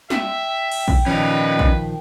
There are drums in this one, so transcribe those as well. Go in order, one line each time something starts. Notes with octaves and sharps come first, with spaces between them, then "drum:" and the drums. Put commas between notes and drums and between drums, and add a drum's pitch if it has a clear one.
E5 G5, drum: snare
drum: cymbal
drum: kick A#1
A#2 D#3 F3 C#4 D#4 B4
drum: kick A#1